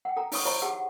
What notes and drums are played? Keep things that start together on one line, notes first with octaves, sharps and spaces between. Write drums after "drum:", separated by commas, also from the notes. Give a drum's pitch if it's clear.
F#5 G5
A4 G5 A#5
D#4 C#5 C#6 D#6, drum: open hi-hat
E4 C5 C#5 D#5 B5 C#6
G4 G#4 F#5 A5
F#5